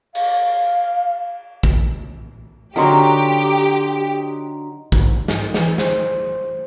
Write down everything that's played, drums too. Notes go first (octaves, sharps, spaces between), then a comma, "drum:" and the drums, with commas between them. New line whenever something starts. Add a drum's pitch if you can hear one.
F5, drum: cymbal
drum: kick
D3 F#3 D#4 G4 A#4 F#5 C6
G#2, drum: kick
G#2, drum: snare
E3, drum: snare
C5, drum: snare